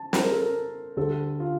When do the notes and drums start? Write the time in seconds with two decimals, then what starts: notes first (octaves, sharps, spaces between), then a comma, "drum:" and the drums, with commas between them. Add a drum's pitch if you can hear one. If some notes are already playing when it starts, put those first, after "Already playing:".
Already playing: A5
0.13 C5, drum: snare
0.22 A#4
0.32 A4
0.42 A#4
0.96 D2 D3 G3 A4
1.40 F4